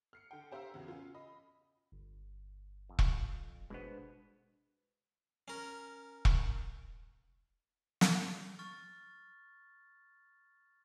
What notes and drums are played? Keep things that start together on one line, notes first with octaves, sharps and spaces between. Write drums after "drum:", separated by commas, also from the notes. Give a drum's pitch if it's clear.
F6 C7 C#7
D3 G5
G4 C5 E5 F5 A#5 E6
E2 C#3 F#4
C#4 F4
D#5 B5
G1
F2
drum: kick E1
B2 G#3 B3 D4 C5
C#4 A#4
drum: kick E1
drum: snare
C#6 F6 A6